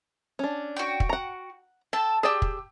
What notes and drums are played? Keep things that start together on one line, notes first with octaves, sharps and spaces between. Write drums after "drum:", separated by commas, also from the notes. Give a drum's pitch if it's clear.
C#4 D4
F#4 G5
drum: kick
F#5 A#5
A4 G5 A5
G4 G#4 D5 G5 E6
drum: kick